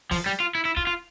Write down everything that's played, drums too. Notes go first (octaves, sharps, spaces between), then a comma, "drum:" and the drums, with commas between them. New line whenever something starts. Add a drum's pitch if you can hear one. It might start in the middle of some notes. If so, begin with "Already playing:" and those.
F3, drum: kick, open hi-hat
G3
F4
E4
E4
F4, drum: kick
F4